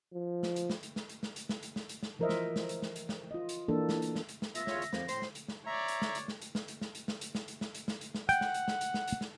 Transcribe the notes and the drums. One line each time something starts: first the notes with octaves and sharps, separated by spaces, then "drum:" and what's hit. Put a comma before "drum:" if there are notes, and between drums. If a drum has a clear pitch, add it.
F3
drum: snare
drum: hi-hat
drum: snare
drum: hi-hat
drum: snare
drum: hi-hat
drum: snare
drum: hi-hat
drum: snare
drum: hi-hat
drum: snare
drum: hi-hat
drum: snare
E3 F3 A#4 C5 D#5 E5
drum: snare
drum: snare
drum: hi-hat
drum: snare
drum: hi-hat
drum: snare
F4 D#5
drum: hi-hat
E3 A#3 D4 A4
drum: snare
drum: hi-hat
drum: snare
drum: hi-hat
drum: snare
B3 F4 E5 A#6, drum: hi-hat
E2 F4 C#5, drum: snare
drum: hi-hat
F2 D3 A#3, drum: snare
A2 C4 C5 C6, drum: hi-hat
drum: snare
drum: hi-hat
drum: snare
C#5 D5 E5 A#5
drum: hi-hat
drum: snare
drum: hi-hat
drum: snare
drum: hi-hat
drum: snare
drum: hi-hat
drum: snare
drum: hi-hat
drum: snare
drum: hi-hat
drum: snare
drum: hi-hat
drum: snare
drum: hi-hat
drum: snare
drum: hi-hat
drum: snare
F#5 G5, drum: hi-hat
drum: snare
drum: hi-hat
drum: snare
drum: hi-hat
drum: snare
drum: hi-hat
drum: snare